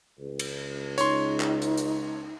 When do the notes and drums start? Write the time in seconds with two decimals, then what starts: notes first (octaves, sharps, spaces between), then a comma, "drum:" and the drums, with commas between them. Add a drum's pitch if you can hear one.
0.19 C#2
0.39 drum: cymbal
0.98 D#4 C#5 C6, drum: hi-hat
1.40 drum: clap
1.62 drum: hi-hat
1.78 drum: hi-hat